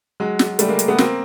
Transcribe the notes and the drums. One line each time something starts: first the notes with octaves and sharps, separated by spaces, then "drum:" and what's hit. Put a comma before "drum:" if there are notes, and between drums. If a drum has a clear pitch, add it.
F#3 G#3
drum: snare
G3 A3, drum: hi-hat
G#3 A#3
drum: hi-hat
A3 B3
A#3 C4, drum: snare